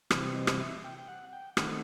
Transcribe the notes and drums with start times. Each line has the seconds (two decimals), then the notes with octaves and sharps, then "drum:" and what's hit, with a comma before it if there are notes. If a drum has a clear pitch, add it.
0.10 C3 E3 G3 C4, drum: rim click
0.35 D#5
0.47 drum: rim click
0.60 E5
0.84 G5
0.98 G5
1.08 F#5
1.33 G5
1.57 D#3 A3 C4 F#5, drum: rim click